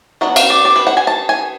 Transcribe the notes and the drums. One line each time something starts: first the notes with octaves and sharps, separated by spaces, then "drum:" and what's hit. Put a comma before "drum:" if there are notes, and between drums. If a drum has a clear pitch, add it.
F#3 B3 D4 F#5
F5, drum: cymbal
D5
D5
B4
F#5
G#5
A5
G#5